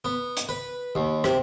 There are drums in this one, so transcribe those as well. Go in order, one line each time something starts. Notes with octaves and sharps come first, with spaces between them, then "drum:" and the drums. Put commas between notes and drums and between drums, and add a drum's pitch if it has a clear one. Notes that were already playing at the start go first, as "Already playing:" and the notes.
B3
drum: hi-hat
B4
D#2
C3, drum: rim click